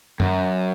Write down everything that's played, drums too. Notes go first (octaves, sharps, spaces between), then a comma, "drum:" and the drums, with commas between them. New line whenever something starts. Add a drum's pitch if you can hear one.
F#2, drum: tom F#2